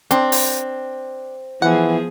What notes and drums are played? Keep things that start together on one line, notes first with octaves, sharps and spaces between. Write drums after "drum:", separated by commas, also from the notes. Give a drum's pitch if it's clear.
C4 D4, drum: hi-hat
drum: open hi-hat
E3 F3 B3 G#4 F#5